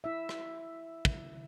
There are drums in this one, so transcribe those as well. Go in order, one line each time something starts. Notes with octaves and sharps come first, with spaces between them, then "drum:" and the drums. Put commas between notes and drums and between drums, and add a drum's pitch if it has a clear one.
E4 E5
drum: rim click
drum: kick